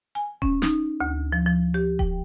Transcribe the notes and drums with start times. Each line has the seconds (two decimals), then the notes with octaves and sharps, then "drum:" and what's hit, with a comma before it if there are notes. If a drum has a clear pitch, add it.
0.15 G#5
0.42 C#4, drum: kick D#1
0.62 D#4, drum: snare
1.00 D2
1.32 F3
1.46 F3
1.74 G4
1.99 G5, drum: kick D#1